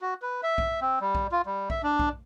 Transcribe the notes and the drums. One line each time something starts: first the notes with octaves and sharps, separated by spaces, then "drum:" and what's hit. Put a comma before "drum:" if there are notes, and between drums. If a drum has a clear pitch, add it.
F#4
B4
E5
drum: kick B1
C4
G3
drum: kick B1
F4
G3
E5, drum: kick B1
D4
drum: kick B1